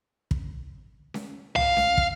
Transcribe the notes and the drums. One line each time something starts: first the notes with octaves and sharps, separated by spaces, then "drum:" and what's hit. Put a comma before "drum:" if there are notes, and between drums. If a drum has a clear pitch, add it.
drum: kick
drum: snare C#4
F5, drum: tom
drum: snare C#4
drum: kick